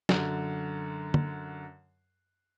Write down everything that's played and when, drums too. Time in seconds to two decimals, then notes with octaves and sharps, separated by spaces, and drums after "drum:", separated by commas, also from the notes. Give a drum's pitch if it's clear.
0.09 F#2 D3, drum: snare
1.14 drum: tom